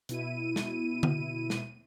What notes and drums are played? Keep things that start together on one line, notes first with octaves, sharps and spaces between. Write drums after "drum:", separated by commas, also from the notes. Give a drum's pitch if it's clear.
B2 E4 D#7, drum: hi-hat
drum: snare
drum: tom D3
drum: snare